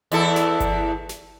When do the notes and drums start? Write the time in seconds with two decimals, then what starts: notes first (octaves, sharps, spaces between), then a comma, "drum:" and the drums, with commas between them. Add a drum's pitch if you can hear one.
0.12 E2 E4 A4, drum: hi-hat
0.36 drum: snare
0.60 drum: kick G1, hi-hat
1.09 drum: snare